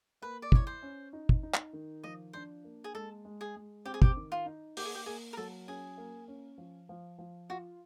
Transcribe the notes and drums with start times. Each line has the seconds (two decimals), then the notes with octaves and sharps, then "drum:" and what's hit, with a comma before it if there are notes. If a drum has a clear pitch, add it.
0.22 A#3 B4
0.42 D5
0.52 E4 C#5, drum: kick
0.67 C5
0.82 C#4
1.13 D#4
1.29 drum: kick
1.43 D#4
1.54 drum: clap
1.73 D#3
2.03 F3 D#5
2.33 D4 C5
2.64 A#3
2.84 G#4
2.94 G#3 A4
3.25 G#3
3.41 G#4
3.56 G#3
3.85 C4 G4
3.94 G#4
4.02 G4, drum: kick
4.16 D#3
4.32 F4
4.46 D#4
4.77 A#3 G4, drum: open hi-hat
4.85 G#4
4.95 G4
5.06 A#3 G#4
5.33 A#4
5.37 F#3 A4
5.68 C#4 G#4
5.97 A#3
6.28 C#4
6.58 F3
6.89 F3
7.19 F3
7.50 F4 F#4